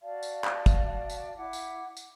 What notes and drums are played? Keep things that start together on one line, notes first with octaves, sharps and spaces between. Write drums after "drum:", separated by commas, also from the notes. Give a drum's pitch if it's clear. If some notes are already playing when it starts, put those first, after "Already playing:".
F#4 D5 F5 A5
drum: tambourine
drum: clap
drum: kick, tambourine
drum: tambourine
E4 F#5 D6
drum: tambourine
drum: tambourine